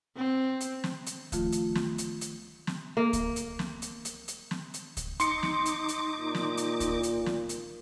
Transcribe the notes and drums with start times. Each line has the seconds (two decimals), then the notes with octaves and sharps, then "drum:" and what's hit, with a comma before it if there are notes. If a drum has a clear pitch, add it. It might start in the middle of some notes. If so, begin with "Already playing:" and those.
0.17 C4
0.61 drum: hi-hat
0.84 drum: snare
1.07 drum: hi-hat
1.32 D#3 F3 A3 F4, drum: kick C#2, hi-hat
1.52 drum: hi-hat
1.75 drum: snare
1.98 drum: hi-hat
2.21 drum: hi-hat
2.67 drum: snare
2.97 A#3
3.13 drum: kick C#2, hi-hat
3.36 drum: hi-hat
3.59 drum: snare
3.82 drum: hi-hat
4.05 drum: hi-hat
4.28 drum: hi-hat
4.51 drum: snare
4.74 drum: hi-hat
4.97 drum: kick C#2, hi-hat
5.20 D#4 C6 D6 C#7, drum: hi-hat
5.43 drum: snare
5.66 drum: hi-hat
5.89 drum: hi-hat
6.16 A#2
6.35 drum: snare
6.57 drum: hi-hat
6.80 drum: kick C#2, hi-hat
7.03 drum: hi-hat
7.26 drum: snare
7.49 drum: hi-hat